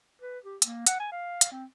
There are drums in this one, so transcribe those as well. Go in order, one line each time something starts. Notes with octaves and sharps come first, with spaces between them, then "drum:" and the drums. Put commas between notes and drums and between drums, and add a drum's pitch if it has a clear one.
B4
G4
A#3, drum: hi-hat
F#5, drum: hi-hat
G#5
F5
drum: hi-hat
C4